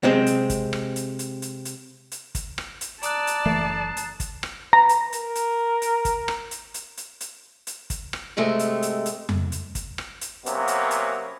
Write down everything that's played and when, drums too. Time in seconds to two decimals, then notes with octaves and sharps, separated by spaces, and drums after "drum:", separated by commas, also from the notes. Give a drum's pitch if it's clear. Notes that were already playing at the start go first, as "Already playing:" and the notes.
0.03 C3 G#3 C4
0.26 drum: hi-hat
0.50 drum: kick, hi-hat
0.73 drum: rim click
0.96 drum: hi-hat
1.19 drum: hi-hat
1.42 drum: hi-hat
1.65 drum: hi-hat
2.12 drum: hi-hat
2.35 drum: kick, hi-hat
2.58 drum: rim click
2.81 drum: hi-hat
3.03 D5 A5 A#5 D#6 F#6, drum: hi-hat
3.27 drum: hi-hat
3.45 F#1 E3 A3 C7
3.97 drum: hi-hat
4.20 drum: kick, hi-hat
4.43 drum: rim click
4.73 B4 A#5
4.89 drum: hi-hat
5.13 A#4, drum: hi-hat
5.35 drum: hi-hat
5.82 drum: hi-hat
6.05 drum: kick, hi-hat
6.28 drum: rim click
6.51 drum: hi-hat
6.74 drum: hi-hat
6.97 drum: hi-hat
7.21 drum: hi-hat
7.67 drum: hi-hat
7.90 drum: kick, hi-hat
8.13 drum: rim click
8.37 G#2 C3 G#3 A3
8.59 drum: hi-hat
8.82 drum: hi-hat
9.06 drum: hi-hat
9.29 drum: tom F2
9.52 drum: hi-hat
9.75 drum: kick, hi-hat
9.98 drum: rim click
10.21 drum: hi-hat
10.46 C3 F#3 A#3 B3 C#4, drum: hi-hat
10.68 drum: hi-hat
10.91 drum: hi-hat